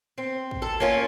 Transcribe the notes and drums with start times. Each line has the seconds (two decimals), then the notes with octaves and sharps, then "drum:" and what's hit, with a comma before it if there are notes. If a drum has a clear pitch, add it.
0.18 C4
0.51 drum: kick
0.62 A4
0.80 A#3 C#4 F4